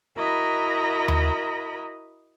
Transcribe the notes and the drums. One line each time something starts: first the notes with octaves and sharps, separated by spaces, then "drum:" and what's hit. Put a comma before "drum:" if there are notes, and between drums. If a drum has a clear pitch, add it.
E4 F#4 A#4 D#5 A#5 B5
drum: tom D#2